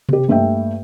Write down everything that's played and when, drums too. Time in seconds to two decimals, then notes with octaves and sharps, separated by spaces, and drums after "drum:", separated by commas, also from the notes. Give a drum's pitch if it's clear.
0.09 C3 G4, drum: tom C3
0.28 G2 A3 A#3 E5 G5